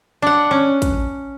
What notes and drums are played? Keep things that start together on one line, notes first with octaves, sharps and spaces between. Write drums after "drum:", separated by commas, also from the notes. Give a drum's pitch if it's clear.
D4 F#5
C#4
drum: kick, hi-hat